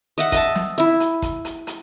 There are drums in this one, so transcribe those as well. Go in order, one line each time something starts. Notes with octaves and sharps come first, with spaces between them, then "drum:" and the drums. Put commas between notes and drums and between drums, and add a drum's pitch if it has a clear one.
D#5 E5 F#5
D#5 E5 A5, drum: kick, hi-hat
drum: snare
E4 E5
drum: hi-hat
drum: kick, hi-hat
drum: hi-hat
drum: hi-hat